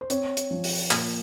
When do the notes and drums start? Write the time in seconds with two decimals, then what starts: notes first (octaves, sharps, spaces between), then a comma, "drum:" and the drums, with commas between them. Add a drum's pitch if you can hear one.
0.01 C5
0.10 C4 C#5, drum: hi-hat
0.37 drum: hi-hat
0.51 F3
0.64 drum: open hi-hat
0.91 A#2, drum: clap